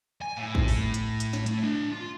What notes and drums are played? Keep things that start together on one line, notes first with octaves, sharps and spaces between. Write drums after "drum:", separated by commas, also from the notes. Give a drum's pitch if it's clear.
G#5
A2
drum: kick
drum: open hi-hat
drum: hi-hat
drum: hi-hat
drum: snare
A2, drum: hi-hat
D4 D#5
F4